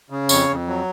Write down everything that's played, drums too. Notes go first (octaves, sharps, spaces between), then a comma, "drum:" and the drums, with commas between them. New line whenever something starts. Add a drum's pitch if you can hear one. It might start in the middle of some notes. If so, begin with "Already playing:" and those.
C#3
F2 C#5, drum: tambourine
F2
F#3